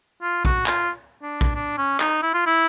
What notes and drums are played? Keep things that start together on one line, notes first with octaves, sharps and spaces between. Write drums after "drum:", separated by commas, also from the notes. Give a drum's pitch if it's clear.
F4
F#4, drum: kick A#1
F4, drum: clap
D4
drum: kick A#1
D4
C#4
D#4, drum: clap
E4
F4
E4